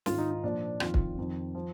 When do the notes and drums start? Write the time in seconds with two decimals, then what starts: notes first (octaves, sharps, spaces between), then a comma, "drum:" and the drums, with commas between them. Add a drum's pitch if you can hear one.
0.06 G#2 D#3 F4, drum: snare
0.18 D#4
0.31 D#4
0.44 A#2 F3 D4
0.80 F2 D#3 F4, drum: rim click
0.94 drum: kick
1.18 F2 D#3
1.55 F3